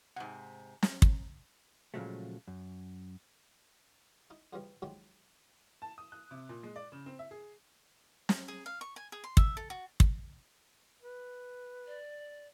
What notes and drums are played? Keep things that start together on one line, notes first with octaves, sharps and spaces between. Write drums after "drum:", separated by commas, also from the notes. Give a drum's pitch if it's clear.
G#2 C3 F#5
drum: snare
drum: kick
A#2 C#3 F3 F#3 G#3 A3
F#2
D#4 E4
F2 C#3 E3 F3 G3
D#3 F3 F#3 G#3 E4 G4
A5
D#6
F#6
C3
A#2
G#3
D5
C#3
C4
E5
G#4
drum: snare
G#4
F5
C#6
G#5
G#4
C6
E5, drum: kick
A4
F#4
drum: kick
B4
D5